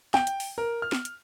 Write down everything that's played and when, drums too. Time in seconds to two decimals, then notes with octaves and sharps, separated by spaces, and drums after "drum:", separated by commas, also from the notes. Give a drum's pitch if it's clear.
0.14 G5, drum: snare
0.27 drum: hi-hat
0.40 drum: open hi-hat
0.58 A#4
0.82 F6
0.92 drum: snare
1.05 drum: hi-hat